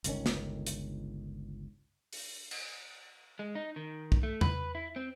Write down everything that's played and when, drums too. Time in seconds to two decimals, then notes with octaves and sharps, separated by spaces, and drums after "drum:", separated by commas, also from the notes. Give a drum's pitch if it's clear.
0.04 G1 C#2 D#3 C#4, drum: hi-hat
0.26 drum: snare
0.67 drum: hi-hat
2.13 drum: open hi-hat
2.51 drum: cymbal
3.39 G#3
3.55 D#4
3.76 D#3
4.12 drum: kick
4.23 A3
4.41 B4, drum: tom E2
4.75 E4
4.96 C4